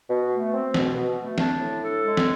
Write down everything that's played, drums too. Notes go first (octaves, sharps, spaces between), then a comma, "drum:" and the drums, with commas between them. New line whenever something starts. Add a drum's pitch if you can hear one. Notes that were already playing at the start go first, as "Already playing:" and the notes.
B2
A3
C4
B2, drum: snare
B2
A3
D4, drum: snare
A2
A4
G#3
drum: snare